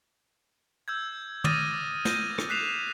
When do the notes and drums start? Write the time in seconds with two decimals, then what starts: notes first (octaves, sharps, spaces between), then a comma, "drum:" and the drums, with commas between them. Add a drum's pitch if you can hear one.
0.88 E6 G6 G#6
1.44 D6 D#6 F6 A6 A#6 D#7, drum: tom
2.05 G6 A#6 D#7, drum: snare
2.38 drum: rim click
2.49 F#6 B6 C7 E7 F7